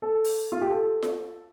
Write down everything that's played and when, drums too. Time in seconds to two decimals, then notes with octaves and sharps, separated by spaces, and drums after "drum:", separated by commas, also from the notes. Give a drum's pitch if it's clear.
0.02 A4
0.24 drum: open hi-hat
0.52 F4
0.61 G4
0.70 A4
1.02 drum: snare F4